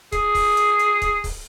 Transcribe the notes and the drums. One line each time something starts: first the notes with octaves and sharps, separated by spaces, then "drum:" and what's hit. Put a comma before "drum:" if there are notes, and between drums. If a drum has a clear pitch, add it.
G#4, drum: kick, hi-hat
drum: kick, open hi-hat
drum: hi-hat
drum: hi-hat
drum: kick, hi-hat
drum: kick, open hi-hat